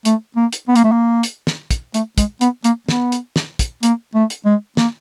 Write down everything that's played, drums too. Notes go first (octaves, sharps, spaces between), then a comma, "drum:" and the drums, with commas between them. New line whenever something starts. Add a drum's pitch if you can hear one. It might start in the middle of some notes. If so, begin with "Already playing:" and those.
A3, drum: hi-hat
A#3
drum: hi-hat
B3
A#3, drum: hi-hat
A3
A#3
drum: hi-hat
drum: snare
drum: kick, hi-hat
A3, drum: hi-hat
G#3, drum: kick, hi-hat
B3, drum: hi-hat
A#3, drum: hi-hat
B3, drum: snare
drum: hi-hat
drum: snare
drum: kick, hi-hat
A#3, drum: hi-hat
A3
drum: hi-hat
G#3
A#3, drum: snare